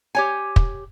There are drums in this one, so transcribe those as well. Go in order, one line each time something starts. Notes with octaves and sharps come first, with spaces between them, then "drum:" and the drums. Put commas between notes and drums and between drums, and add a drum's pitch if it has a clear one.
G4 C#5 G#5
drum: kick